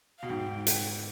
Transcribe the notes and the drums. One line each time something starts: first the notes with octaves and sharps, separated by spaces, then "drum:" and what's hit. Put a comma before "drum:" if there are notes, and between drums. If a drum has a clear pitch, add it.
B2 F5
G#2 G5
drum: hi-hat